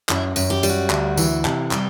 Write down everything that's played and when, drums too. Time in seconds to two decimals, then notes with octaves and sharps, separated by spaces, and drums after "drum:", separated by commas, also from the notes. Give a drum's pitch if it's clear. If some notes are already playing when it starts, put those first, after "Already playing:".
0.09 F#2 E4, drum: clap
0.36 F#2, drum: tambourine
0.50 G4
0.63 G3, drum: tambourine
0.69 F#4
0.90 D2, drum: clap
1.17 E3, drum: tambourine
1.45 C3, drum: clap
1.71 G3 G4, drum: clap